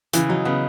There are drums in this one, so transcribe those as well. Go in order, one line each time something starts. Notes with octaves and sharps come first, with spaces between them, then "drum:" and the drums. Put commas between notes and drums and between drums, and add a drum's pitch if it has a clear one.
C#3 E3, drum: hi-hat
F#3 D#4
C#3 B3